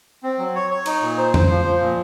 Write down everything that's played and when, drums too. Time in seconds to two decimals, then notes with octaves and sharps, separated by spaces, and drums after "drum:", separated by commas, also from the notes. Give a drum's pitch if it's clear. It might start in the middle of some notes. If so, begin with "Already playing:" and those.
0.23 C4
0.38 F#3
0.55 C#5
0.70 C#5
0.86 D#4, drum: cymbal
1.02 A#2
1.18 C5
1.34 C5, drum: tom F2
1.49 F3
1.65 F3
1.81 A#2